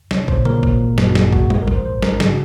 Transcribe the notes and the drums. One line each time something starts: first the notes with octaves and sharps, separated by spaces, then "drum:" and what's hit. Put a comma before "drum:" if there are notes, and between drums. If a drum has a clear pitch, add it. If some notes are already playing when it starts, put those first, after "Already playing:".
C2 C#5, drum: snare
A#2 C5, drum: kick
A#2 A#4, drum: tom C#3
A#2, drum: kick
G#1
F#2, drum: snare
F#4
G#1 G#4, drum: snare
G#1 F#4, drum: kick
A#1, drum: tom G3
A#4
G#2, drum: kick
C5
A#1 C5
G#2 A#4, drum: snare
C#3 G#4, drum: snare
F#4